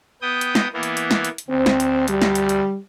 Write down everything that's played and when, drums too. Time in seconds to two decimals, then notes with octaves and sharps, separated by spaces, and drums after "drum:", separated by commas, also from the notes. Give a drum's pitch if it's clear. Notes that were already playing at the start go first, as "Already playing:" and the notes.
0.22 B3 G5 D#6
0.41 drum: hi-hat
0.55 drum: snare
0.74 E3 A#3 B3
0.83 drum: hi-hat
0.97 drum: hi-hat
1.11 drum: snare
1.25 drum: hi-hat
1.38 drum: hi-hat
1.48 D2 C4
1.66 drum: snare
1.80 drum: hi-hat
2.08 G3, drum: hi-hat
2.22 drum: snare
2.35 drum: hi-hat
2.49 drum: hi-hat